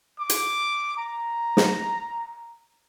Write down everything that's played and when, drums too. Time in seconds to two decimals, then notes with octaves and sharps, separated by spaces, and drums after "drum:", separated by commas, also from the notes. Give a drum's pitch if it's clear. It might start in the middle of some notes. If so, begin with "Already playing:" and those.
0.19 D6
0.30 drum: hi-hat
0.98 A#5
1.57 drum: snare